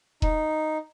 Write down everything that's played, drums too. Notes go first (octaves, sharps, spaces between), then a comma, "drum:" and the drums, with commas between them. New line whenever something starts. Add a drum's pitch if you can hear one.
D#4, drum: kick E1